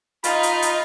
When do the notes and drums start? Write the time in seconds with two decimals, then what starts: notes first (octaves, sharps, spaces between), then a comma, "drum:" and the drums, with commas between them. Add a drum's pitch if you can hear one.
0.24 D#4 F4 B5, drum: hi-hat
0.43 drum: hi-hat
0.62 drum: hi-hat